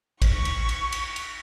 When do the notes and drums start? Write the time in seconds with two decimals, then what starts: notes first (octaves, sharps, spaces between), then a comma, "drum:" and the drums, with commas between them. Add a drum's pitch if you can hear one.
0.22 C#6, drum: kick, cymbal
0.45 drum: cymbal
0.69 drum: cymbal
0.92 drum: cymbal
1.16 drum: cymbal